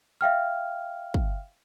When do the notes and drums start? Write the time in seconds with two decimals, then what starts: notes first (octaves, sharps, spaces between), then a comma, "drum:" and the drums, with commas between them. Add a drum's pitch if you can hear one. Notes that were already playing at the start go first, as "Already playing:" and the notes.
0.21 E5 F5 G5 F6
1.14 drum: kick